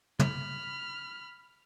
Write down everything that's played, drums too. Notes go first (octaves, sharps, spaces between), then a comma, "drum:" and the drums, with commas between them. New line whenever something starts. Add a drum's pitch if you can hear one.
B5 F6, drum: tom